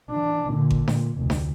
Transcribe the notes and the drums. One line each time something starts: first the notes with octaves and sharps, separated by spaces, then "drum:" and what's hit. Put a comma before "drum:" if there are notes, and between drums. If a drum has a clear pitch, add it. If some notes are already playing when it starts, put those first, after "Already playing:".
E3 D4
A#2 D3
drum: kick G#1
A#2, drum: snare D4
F1 D2
drum: snare D4